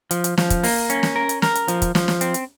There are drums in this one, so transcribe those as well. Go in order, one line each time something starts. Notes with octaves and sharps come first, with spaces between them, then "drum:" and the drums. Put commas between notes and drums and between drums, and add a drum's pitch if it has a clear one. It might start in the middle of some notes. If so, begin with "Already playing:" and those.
F3, drum: hi-hat
drum: hi-hat
F3, drum: snare
drum: kick, hi-hat
A#3, drum: open hi-hat
C#4, drum: hi-hat
drum: snare
A#4
drum: hi-hat
A#4, drum: snare
drum: hi-hat
F3, drum: hi-hat
drum: kick, hi-hat
F3, drum: snare
drum: snare
C4, drum: hi-hat
drum: hi-hat